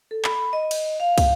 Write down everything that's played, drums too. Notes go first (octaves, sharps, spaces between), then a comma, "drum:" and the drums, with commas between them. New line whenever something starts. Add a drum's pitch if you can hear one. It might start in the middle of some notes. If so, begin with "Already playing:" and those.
A4
B5, drum: clap
D#5
drum: cymbal
F5
drum: kick, cymbal